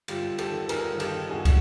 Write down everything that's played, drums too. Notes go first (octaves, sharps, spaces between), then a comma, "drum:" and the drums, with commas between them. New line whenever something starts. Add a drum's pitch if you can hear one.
G1 F4 G4, drum: cymbal
G1
G4 A4, drum: cymbal
D#3
D#3 G#4 A#4, drum: cymbal
G1
G4 A4, drum: cymbal
D#3
G2 F#4 G#4
drum: kick, cymbal